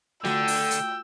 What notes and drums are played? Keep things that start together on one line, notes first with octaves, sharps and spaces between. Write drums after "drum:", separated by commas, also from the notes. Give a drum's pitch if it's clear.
D3 A3 F4 F#4 G5 E6, drum: snare
drum: open hi-hat
drum: hi-hat